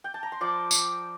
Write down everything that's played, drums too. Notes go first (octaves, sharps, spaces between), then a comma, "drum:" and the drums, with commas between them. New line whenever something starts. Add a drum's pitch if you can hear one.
G5
A5
A#5
C6
F3 D5 D6
drum: tambourine